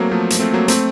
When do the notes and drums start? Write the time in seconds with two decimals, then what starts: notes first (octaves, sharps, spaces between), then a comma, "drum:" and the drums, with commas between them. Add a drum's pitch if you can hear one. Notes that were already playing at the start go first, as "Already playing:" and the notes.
Already playing: F#3 A3 A#3 C4
0.11 F3 A3
0.30 drum: hi-hat
0.40 A3 C4
0.53 F#3 A#3
0.68 A3 C4, drum: hi-hat